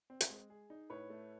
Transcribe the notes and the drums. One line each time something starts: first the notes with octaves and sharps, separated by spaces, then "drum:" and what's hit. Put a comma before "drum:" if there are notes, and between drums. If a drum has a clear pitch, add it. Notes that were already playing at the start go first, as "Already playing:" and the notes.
C4
drum: hi-hat
G#3
G#4
D#4
A2 B4 C#5
A3